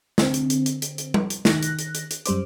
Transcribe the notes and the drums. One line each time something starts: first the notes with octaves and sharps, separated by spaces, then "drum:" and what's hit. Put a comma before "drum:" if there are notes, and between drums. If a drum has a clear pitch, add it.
D3 C4, drum: snare
drum: hi-hat
drum: hi-hat
drum: hi-hat
drum: hi-hat
drum: hi-hat
drum: tom G3
drum: hi-hat
D#3 F#6 A#6, drum: snare
drum: hi-hat
drum: hi-hat
drum: hi-hat
drum: hi-hat
F#2 G3 C5 D6, drum: hi-hat